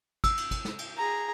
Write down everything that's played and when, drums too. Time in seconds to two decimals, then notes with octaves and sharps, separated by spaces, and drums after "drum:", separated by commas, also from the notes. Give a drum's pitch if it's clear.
0.24 E6, drum: kick, cymbal
0.37 drum: cymbal
0.51 drum: kick, cymbal
0.65 drum: snare
0.79 drum: cymbal
0.97 G#4 A#5